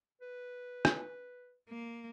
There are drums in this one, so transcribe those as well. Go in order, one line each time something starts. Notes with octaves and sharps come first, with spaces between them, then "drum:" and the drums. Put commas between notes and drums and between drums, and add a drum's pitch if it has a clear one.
B4
drum: rim click
A#3